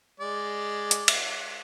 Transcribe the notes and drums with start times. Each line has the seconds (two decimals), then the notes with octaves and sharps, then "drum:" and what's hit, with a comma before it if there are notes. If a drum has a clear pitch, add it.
0.20 G#3 D5
0.91 drum: hi-hat
1.08 drum: cymbal